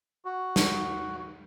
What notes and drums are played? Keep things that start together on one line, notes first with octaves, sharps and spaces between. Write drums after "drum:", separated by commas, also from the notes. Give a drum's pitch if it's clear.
F#4
drum: snare